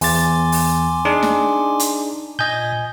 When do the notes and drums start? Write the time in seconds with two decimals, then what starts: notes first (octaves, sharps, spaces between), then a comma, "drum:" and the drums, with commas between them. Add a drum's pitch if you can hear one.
0.01 E2 G#5 C6 D6 A6, drum: open hi-hat
0.52 drum: open hi-hat
1.05 D4 D#4 G#4
1.23 drum: snare
1.79 drum: hi-hat
2.39 A#2 D#5 G#5 G6